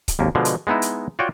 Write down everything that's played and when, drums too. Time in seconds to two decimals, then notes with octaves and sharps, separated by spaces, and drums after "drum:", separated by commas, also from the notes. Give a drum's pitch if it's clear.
0.08 drum: kick C#1, hi-hat
0.19 G#1 D#2 A#3
0.35 B2 D3 F3 G#3
0.45 drum: hi-hat
0.67 G#3 B3 D#4 E4
0.82 drum: hi-hat
1.19 F4 F#4 C#5 D5 G5